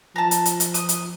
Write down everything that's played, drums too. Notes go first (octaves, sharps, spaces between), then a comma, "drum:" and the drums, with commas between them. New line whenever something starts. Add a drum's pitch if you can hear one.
F3 A5 A#5
drum: hi-hat
drum: hi-hat
drum: hi-hat
D#6, drum: hi-hat
drum: hi-hat